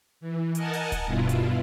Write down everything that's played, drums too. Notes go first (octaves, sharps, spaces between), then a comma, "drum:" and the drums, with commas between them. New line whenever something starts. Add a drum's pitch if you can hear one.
E3
A#4 D#5 F#5 G#5 A5, drum: hi-hat
drum: open hi-hat
drum: kick D1, hi-hat
G2 B2 E4 F4
drum: hi-hat